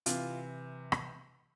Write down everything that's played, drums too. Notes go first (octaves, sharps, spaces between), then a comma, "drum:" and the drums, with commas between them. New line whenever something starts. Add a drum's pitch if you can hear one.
C3 E3 F4, drum: hi-hat
drum: rim click